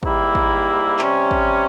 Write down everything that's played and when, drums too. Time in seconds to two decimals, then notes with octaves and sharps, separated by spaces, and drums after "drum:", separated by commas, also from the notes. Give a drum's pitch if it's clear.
0.03 G#2 G3 A#3 E4 G4, drum: kick
0.35 drum: kick
0.99 C3 G3 C#4, drum: clap
1.31 drum: kick